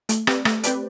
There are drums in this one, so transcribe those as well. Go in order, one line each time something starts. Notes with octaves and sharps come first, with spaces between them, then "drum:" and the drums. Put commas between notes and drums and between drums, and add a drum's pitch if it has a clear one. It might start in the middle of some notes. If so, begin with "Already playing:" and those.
A3, drum: hi-hat
C4 G4 B4 D5, drum: rim click
A3, drum: rim click
C4 G4 B4 D5, drum: hi-hat